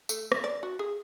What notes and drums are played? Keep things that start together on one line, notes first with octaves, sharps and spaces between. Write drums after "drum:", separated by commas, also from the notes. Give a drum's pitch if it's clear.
A3, drum: tambourine
drum: rim click
D5
F#4
G#4